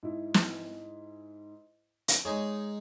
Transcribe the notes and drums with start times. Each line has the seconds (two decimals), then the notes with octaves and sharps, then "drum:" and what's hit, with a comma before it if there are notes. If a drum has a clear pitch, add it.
0.03 G#2 E4
0.34 drum: snare
2.08 drum: hi-hat
2.25 G#3 D#4 G#4 C#5